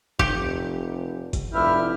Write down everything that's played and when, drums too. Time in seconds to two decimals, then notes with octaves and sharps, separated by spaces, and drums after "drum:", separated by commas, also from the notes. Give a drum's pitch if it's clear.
0.19 F1 G4, drum: kick F#1
1.33 drum: kick F#1, hi-hat
1.54 F1 G2 E4 G4 F6